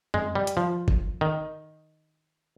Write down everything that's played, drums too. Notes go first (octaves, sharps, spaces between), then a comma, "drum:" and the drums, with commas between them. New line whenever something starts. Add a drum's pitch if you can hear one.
G#3, drum: tom F#2
G3
drum: hi-hat
F3
drum: kick G1
D#3